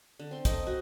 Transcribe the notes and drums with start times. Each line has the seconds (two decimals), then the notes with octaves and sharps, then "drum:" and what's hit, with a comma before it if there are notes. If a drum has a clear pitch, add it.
0.19 D3
0.31 C4 C6
0.45 D#4 A4 D#5, drum: kick, hi-hat
0.67 F#4 D#5